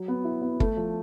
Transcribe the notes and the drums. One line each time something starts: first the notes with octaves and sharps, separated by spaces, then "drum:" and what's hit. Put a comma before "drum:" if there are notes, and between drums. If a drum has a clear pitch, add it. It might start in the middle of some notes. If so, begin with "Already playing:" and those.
Already playing: F#3
B3
E4
B3
A3, drum: kick
F3